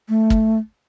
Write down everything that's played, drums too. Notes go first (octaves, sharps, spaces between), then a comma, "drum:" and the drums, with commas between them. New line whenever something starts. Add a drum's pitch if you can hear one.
A3
drum: kick